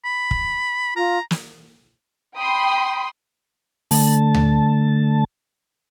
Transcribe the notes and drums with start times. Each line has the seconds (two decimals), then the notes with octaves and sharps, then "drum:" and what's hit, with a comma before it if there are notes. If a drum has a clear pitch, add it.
0.05 B5
0.31 drum: kick
0.96 F4 A#5
1.31 drum: snare
2.36 G5 B5 C6 D#6
3.91 D3 A3 A5, drum: open hi-hat
4.34 drum: tom D2